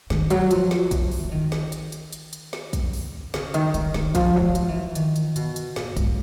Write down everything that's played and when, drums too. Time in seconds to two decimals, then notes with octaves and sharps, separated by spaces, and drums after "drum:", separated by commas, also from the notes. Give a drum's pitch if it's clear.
0.10 D#3, drum: snare
0.30 F#3, drum: hi-hat
0.51 F3, drum: hi-hat
0.71 drum: snare
0.91 E3, drum: kick, hi-hat
1.11 drum: open hi-hat
1.24 E3
1.31 D#3
1.52 drum: snare
1.72 drum: hi-hat
1.92 drum: hi-hat
2.13 drum: hi-hat
2.33 drum: hi-hat
2.53 drum: snare
2.73 drum: kick, hi-hat
2.93 drum: open hi-hat
3.34 C#3, drum: snare
3.54 D#3, drum: hi-hat
3.74 D#3, drum: hi-hat
3.94 D#3, drum: snare
4.15 F3, drum: kick, hi-hat
4.36 F#3
4.41 F3
4.55 drum: hi-hat
4.68 E3
4.95 D#3, drum: hi-hat
5.16 drum: hi-hat
5.36 B2, drum: hi-hat
5.56 drum: hi-hat
5.76 A#2, drum: snare
5.97 G#2, drum: kick, hi-hat